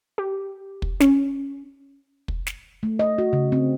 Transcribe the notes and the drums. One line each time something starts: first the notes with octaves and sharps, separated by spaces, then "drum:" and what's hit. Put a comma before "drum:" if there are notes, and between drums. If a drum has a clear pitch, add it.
G4
drum: kick
C#4, drum: snare
drum: kick
drum: snare
A3
D#5
F#4
C#3
C4